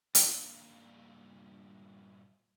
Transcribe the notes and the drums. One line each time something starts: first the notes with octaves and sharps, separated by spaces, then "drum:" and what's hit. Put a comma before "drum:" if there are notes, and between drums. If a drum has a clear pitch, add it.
G2 A#2, drum: hi-hat